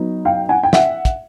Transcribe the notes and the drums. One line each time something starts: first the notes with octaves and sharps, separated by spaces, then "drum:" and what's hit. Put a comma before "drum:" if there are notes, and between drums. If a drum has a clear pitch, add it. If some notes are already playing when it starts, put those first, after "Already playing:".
Already playing: F#3 B3 D#4
F5 G5
F#5 G#5
G5
E5 F#5, drum: snare
drum: kick, hi-hat